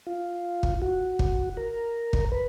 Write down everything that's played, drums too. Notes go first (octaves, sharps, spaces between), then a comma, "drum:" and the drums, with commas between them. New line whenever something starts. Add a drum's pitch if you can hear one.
F4
drum: kick
F#4
drum: kick
A#4
drum: kick
B4